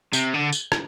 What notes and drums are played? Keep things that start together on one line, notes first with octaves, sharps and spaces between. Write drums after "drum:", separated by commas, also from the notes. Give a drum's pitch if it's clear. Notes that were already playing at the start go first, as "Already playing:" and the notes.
C3, drum: tambourine
D3
drum: tambourine
drum: rim click